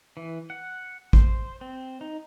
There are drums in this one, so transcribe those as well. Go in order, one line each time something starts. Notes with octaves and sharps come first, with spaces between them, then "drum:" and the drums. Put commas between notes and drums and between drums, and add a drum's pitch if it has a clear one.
E3
F#5
C5, drum: kick
C4
D#4